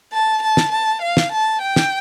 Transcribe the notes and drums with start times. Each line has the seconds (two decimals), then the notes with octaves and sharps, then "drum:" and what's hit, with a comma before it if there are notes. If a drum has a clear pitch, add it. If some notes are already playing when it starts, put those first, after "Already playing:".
0.13 A5
0.43 A5
0.57 drum: snare
0.72 A5
1.02 F5
1.17 drum: snare
1.32 A5
1.62 G5
1.76 drum: snare